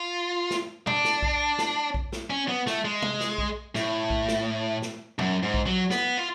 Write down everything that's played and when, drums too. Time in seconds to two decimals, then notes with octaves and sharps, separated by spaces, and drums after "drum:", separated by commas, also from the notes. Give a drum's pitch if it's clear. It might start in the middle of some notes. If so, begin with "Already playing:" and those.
Already playing: F4
0.51 drum: snare
0.87 D4, drum: tom
1.04 drum: snare
1.22 drum: kick A#1
1.58 drum: snare
1.94 drum: kick A#1
2.12 drum: snare
2.30 C#4
2.48 B3
2.67 A3, drum: snare
2.85 G#3
3.02 drum: tom
3.20 drum: snare
3.38 drum: kick A#1
3.75 A2, drum: snare
4.10 drum: kick A#1
4.28 drum: snare
4.82 drum: snare
5.19 F#2, drum: tom
5.43 G#2
5.54 drum: kick A#1
5.66 F#3
5.91 B3, drum: snare
6.17 F4